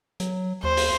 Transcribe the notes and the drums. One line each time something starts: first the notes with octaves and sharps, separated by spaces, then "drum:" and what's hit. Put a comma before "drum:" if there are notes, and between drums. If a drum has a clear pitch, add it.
F#3, drum: hi-hat
D#2 C5
drum: open hi-hat